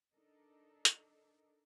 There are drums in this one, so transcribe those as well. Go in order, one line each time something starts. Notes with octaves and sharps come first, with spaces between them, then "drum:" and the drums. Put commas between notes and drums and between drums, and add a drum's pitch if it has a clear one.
D4 D#4 A4 A#4
drum: hi-hat